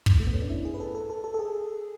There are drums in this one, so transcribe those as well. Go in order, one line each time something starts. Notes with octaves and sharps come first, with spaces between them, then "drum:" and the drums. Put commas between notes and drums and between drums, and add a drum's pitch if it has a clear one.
drum: kick
A3
B3
C#4
D4
E4
G#4
B4
A4
A4
A4
A4
A4
G#4